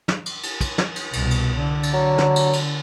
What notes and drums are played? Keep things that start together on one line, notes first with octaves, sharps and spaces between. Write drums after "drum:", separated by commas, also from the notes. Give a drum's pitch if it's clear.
drum: snare
drum: cymbal
drum: cymbal
drum: kick, cymbal
drum: snare
drum: cymbal
C2 B2, drum: cymbal
drum: cymbal
D3
drum: cymbal
F#3
drum: snare
drum: cymbal
drum: cymbal